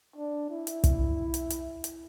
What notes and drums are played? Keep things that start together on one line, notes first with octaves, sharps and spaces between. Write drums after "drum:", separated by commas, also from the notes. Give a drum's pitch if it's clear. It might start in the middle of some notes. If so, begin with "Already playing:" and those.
D4
E4
drum: hi-hat
drum: kick, hi-hat
drum: hi-hat
drum: hi-hat
drum: hi-hat